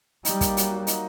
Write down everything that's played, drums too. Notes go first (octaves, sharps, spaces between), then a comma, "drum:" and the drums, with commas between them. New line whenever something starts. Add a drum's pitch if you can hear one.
G3 D#4, drum: hi-hat
A#3, drum: kick, hi-hat
F#3, drum: hi-hat
F#4
D#4, drum: hi-hat